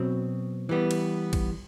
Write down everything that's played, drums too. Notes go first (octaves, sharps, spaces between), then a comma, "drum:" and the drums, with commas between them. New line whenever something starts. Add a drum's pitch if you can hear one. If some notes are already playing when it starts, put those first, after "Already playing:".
Already playing: B2 F#3 C4
E3 G3 B3
drum: cymbal
drum: kick, cymbal